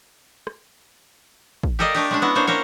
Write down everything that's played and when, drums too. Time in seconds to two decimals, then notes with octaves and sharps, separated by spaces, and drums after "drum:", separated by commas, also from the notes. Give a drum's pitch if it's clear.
0.47 drum: rim click
1.63 drum: kick
1.79 G4 A4 A#4 D5 D#5 F5
1.95 A3 D4 G4, drum: cymbal
2.11 G#3 C#4 D4
2.22 B3 C#4 E4 F#4
2.35 A#3 D4 C5 C#5
2.47 C#4 A#4 C5 C#5